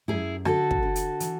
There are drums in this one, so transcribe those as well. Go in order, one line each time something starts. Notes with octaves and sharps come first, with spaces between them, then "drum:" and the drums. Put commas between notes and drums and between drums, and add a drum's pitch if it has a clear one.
F#2 E4 G#4
D3 F#4 A4, drum: rim click
drum: kick
D3
drum: hi-hat
E3, drum: hi-hat